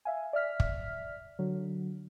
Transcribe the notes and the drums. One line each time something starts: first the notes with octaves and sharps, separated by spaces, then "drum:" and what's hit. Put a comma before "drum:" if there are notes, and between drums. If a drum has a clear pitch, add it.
E5 F5 G#5
D5 E5 F6 B6
drum: kick
D3 F#3